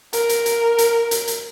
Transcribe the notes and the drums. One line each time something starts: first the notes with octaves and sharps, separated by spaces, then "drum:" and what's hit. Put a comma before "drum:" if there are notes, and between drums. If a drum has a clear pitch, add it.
A#4, drum: hi-hat
drum: hi-hat
drum: hi-hat
drum: hi-hat
drum: hi-hat
drum: hi-hat